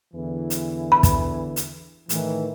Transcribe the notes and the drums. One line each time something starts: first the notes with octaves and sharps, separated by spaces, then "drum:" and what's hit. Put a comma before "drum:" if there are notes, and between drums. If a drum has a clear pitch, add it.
E2 D3 E3
drum: hi-hat
B5
drum: kick, hi-hat
drum: hi-hat
A2 D#3 E3, drum: hi-hat